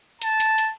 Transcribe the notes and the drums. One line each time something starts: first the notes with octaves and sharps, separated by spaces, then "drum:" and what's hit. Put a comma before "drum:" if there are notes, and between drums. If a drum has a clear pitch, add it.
A5, drum: hi-hat
drum: hi-hat
drum: hi-hat